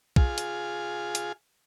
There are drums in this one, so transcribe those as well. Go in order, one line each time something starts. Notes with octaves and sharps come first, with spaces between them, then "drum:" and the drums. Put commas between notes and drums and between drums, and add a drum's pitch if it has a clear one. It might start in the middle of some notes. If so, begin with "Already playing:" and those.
F4 G#4, drum: kick
drum: hi-hat
drum: hi-hat